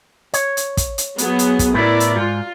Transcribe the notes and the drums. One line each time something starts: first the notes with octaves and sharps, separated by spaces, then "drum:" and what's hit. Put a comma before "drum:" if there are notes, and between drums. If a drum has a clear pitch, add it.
C#5, drum: hi-hat
drum: hi-hat
drum: kick, hi-hat
drum: hi-hat
F#3 B3 G#4, drum: hi-hat
drum: hi-hat
drum: kick, hi-hat
A2 B3 E4 A#4 D5
drum: hi-hat
G#2 F4